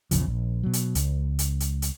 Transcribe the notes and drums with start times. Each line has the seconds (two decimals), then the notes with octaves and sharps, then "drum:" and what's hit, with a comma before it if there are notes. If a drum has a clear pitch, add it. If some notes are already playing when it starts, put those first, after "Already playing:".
0.11 A#1 E2 C#3 F3, drum: hi-hat
0.27 A#1
0.63 B2 F#3
0.73 drum: hi-hat
0.95 C#2, drum: hi-hat
1.39 drum: hi-hat
1.60 drum: hi-hat
1.82 drum: hi-hat